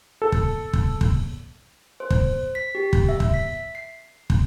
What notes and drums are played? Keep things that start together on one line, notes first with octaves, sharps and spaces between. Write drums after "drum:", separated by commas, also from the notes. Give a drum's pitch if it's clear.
A4
drum: kick
drum: kick
drum: kick
C5
drum: kick
B6
G4
drum: kick
E5
drum: kick
B6
C7
drum: kick